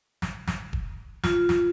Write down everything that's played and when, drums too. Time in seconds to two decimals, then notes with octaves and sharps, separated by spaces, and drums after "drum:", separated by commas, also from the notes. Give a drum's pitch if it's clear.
0.22 drum: snare
0.48 drum: snare
0.73 drum: kick E1
1.24 F4, drum: snare
1.49 drum: snare